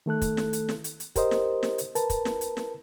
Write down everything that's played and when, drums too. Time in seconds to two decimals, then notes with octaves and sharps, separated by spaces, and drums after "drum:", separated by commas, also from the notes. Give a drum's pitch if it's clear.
0.06 D#3 A3 A4 F#6
0.22 drum: kick, hi-hat
0.37 drum: snare
0.53 drum: hi-hat
0.69 drum: snare
0.84 drum: hi-hat
1.00 drum: hi-hat
1.16 G4 A#4 C5 D#5, drum: kick, hi-hat
1.31 drum: snare
1.63 drum: snare
1.78 drum: hi-hat
1.95 A#4 B4 A5, drum: hi-hat
2.10 drum: kick, hi-hat
2.25 drum: snare
2.41 drum: hi-hat
2.57 drum: snare